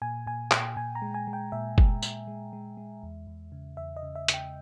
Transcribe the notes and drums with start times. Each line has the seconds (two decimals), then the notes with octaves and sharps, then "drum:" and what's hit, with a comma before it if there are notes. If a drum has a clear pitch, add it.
0.02 A#2 G#5
0.27 A#2 G#5
0.51 A#2 G5, drum: clap
0.77 A#2 G#5
0.95 A#5
1.02 G#3
1.14 G#5
1.27 G#3
1.33 G5
1.52 A#2 E5
1.78 G#3, drum: kick
2.02 A#2, drum: tambourine
2.28 G#3
2.53 G#3
2.77 G#3
3.03 E2
3.27 E2
3.52 C#3
3.77 E2 E5
3.96 D#5
4.03 C#3
4.15 E5
4.28 C#3, drum: hi-hat
4.34 G5